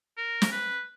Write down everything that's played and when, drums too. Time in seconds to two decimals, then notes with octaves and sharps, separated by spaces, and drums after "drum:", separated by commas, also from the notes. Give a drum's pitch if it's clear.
0.17 A#4
0.42 drum: snare
0.52 B4